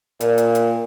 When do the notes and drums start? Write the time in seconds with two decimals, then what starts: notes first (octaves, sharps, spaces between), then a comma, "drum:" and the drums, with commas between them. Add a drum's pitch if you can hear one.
0.20 A#2, drum: hi-hat
0.38 drum: hi-hat
0.55 drum: hi-hat